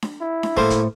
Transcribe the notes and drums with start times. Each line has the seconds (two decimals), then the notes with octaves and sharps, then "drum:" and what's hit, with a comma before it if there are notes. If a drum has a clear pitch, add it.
0.02 drum: snare D4
0.21 E4
0.43 drum: snare D4
0.57 A2 A3 A#3 C5 C6, drum: kick
0.70 drum: kick, hi-hat